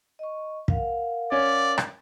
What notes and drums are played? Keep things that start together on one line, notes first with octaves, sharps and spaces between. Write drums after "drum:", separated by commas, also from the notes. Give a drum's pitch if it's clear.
D#5 C#6
A#4 F5 F#5, drum: kick
C#4 D5
drum: rim click